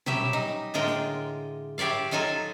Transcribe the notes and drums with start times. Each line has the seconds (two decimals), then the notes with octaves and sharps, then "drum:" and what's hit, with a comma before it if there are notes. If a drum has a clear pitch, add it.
0.06 F#3 G3 C#4 G4 E5, drum: tom
0.33 D#4
0.74 A2 D3 G#3 F4 A#4 G5
0.87 drum: snare
1.78 E4 G4 C#5 D5 F5
2.11 F#3 D#4 F4 A4 G#5